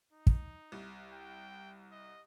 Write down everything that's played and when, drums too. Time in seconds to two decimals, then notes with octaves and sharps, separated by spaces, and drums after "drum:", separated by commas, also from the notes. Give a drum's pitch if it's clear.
0.13 D#4
0.27 drum: kick
0.72 C2
1.13 G5
1.92 D#5